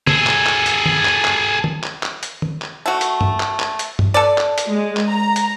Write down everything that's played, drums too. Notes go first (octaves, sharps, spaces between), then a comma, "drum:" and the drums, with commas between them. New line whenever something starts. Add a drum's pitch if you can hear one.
G#4 A4, drum: tom
drum: clap
drum: clap
drum: hi-hat
drum: tom D#3
drum: clap
drum: clap
drum: tom D#3
drum: clap
drum: clap
drum: hi-hat
drum: tom D#3
drum: clap
A3 F#4
drum: hi-hat
drum: tom G2
drum: clap
drum: clap
drum: hi-hat
drum: tom G2
A4 B4 D5
drum: clap
drum: hi-hat
G#3
drum: clap
A#5
drum: hi-hat